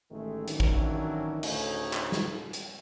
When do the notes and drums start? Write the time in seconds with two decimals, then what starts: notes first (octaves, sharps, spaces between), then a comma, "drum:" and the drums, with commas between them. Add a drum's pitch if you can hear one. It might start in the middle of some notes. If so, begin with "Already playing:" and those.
0.11 A1 D#3 G#3 A3
0.48 D#3 E3 F#3 C#4 D4, drum: hi-hat
0.60 drum: kick
1.43 D2 A2 C#3 D#4 C#5, drum: cymbal
1.93 drum: clap
2.12 drum: snare
2.53 drum: hi-hat